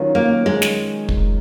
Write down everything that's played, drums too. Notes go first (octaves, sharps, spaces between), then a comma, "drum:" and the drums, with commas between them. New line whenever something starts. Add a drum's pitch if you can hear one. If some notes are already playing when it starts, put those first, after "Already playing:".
Already playing: D#3 F#3 C#4 F4
A#3
G#3
drum: snare
drum: kick